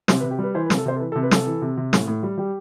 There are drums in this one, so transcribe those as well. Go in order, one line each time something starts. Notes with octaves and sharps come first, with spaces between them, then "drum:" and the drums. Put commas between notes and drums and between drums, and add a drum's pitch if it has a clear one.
C3 C5, drum: snare
B4
C3
G4
G3 B4
E3 C5
B4
C3, drum: snare
A4
C3 C5
A4
E3 B4
A4
C3
B4
C3 A4, drum: snare
E3
C3
C3
A2, drum: snare
A2
G3
G3 G4